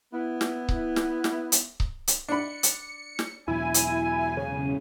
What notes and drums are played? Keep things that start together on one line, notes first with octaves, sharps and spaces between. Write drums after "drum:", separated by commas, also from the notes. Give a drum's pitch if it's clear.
B3 E4
drum: snare
drum: kick C#1
drum: snare
drum: snare
drum: hi-hat
drum: kick C#1
drum: hi-hat
D4 B5 C#7
drum: hi-hat
drum: snare
E2 B2 F#3 E4 G#5
drum: hi-hat
C#3